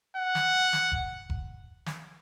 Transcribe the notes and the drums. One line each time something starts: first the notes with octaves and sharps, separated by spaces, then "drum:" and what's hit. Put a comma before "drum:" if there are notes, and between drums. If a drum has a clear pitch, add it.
F#5
drum: snare
drum: snare
drum: kick F1
drum: kick F1
drum: snare